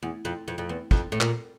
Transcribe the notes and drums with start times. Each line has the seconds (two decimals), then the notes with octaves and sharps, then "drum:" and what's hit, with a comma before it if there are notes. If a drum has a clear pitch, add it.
0.03 E2
0.25 F2
0.48 F2
0.58 F2
0.69 E2
0.91 F2, drum: kick
1.12 A2
1.21 A#2, drum: clap